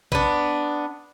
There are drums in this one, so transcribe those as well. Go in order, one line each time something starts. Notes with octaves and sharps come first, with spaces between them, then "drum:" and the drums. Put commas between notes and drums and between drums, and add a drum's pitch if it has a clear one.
B3 D4, drum: kick A#1